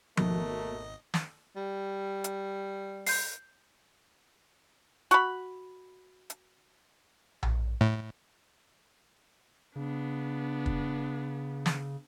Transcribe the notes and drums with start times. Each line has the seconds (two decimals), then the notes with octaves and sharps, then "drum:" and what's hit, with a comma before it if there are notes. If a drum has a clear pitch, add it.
0.17 G#1 D#2 B2 D#3 A3 A#4 D#5, drum: tom F3
1.14 drum: snare
1.56 G3
2.24 drum: hi-hat
3.07 G6 C7, drum: open hi-hat
5.11 F#4 B5, drum: hi-hat
6.30 drum: hi-hat
7.43 drum: tom A#1
7.81 A2
9.76 C#3 B3 D4
10.66 drum: kick
11.66 drum: snare